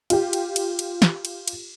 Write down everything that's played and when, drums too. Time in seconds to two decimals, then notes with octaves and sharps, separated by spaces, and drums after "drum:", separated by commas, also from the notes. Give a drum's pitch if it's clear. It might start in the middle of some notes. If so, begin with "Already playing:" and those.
0.10 F4 G4, drum: cymbal
0.33 drum: cymbal
0.56 drum: cymbal
0.79 drum: cymbal
1.02 drum: snare
1.25 drum: cymbal
1.48 drum: cymbal